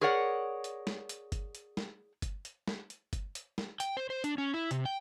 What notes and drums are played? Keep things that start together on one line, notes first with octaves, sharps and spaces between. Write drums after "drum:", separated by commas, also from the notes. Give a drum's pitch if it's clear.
G#4 A#4 C#5 D5 F#5
drum: hi-hat
drum: snare
drum: hi-hat
drum: kick G1, hi-hat
drum: hi-hat
drum: snare
drum: kick G1, hi-hat
drum: hi-hat
drum: snare
drum: hi-hat
drum: kick G1, hi-hat
drum: hi-hat
drum: snare
G5, drum: hi-hat
C5
C5
D4, drum: hi-hat
C#4
E4
C3, drum: hi-hat
G5